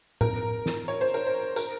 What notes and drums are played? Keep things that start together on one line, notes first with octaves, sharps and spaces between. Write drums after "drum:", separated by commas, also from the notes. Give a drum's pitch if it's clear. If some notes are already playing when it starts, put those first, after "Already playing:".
A#4, drum: tom A2
drum: snare
C#5
C5
A#4
C5
A#4, drum: tambourine